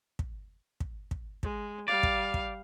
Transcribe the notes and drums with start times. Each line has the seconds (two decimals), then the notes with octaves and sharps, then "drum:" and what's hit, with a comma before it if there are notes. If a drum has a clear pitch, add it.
0.19 drum: kick
0.80 drum: kick
1.11 drum: kick
1.43 G#3, drum: kick
1.88 G3 D5 F5
2.03 drum: kick
2.34 drum: kick